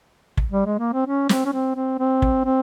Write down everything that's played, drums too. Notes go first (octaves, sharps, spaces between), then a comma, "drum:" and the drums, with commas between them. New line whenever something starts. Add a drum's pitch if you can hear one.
drum: kick
G3
G#3
A#3
C4
C#4
C4, drum: snare
C#4
C4
C4
C4
drum: kick
C4